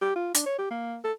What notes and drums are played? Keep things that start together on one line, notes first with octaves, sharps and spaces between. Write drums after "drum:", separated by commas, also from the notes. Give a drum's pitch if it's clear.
G4
F4
D4, drum: hi-hat
C#5
G4
A#3
A4